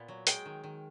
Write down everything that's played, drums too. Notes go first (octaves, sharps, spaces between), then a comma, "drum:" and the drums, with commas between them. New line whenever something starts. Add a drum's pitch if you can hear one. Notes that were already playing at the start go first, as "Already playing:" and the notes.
Already playing: A#2 B3
F#3
G#3 G5, drum: hi-hat
D#3
D#3